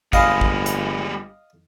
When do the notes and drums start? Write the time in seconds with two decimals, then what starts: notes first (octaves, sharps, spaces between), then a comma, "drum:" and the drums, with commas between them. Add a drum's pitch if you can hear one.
0.13 G1 G3 G#3 D#5 F5 G#5 B5 A#6, drum: kick
0.41 drum: kick
0.66 drum: hi-hat